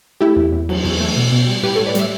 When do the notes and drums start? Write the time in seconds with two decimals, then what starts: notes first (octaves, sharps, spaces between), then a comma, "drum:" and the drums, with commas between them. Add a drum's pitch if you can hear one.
0.21 A3 E4 G4
0.36 E2
0.52 E2
0.69 F#3, drum: cymbal
0.85 E2, drum: cymbal
1.01 A3
1.16 B2
1.32 B2
1.47 G3
1.63 A2 G4 B4
1.75 A2 A4 C#5
1.87 B4 D5
1.95 G3 C#5 E5, drum: hi-hat